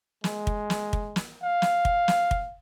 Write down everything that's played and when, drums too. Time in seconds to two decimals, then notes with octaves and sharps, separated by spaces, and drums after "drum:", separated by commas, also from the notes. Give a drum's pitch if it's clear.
0.24 G#3, drum: snare
0.47 drum: kick
0.70 drum: snare
0.93 drum: kick
1.16 drum: snare
1.44 F5
1.62 drum: snare
1.85 drum: kick
2.08 drum: snare
2.31 drum: kick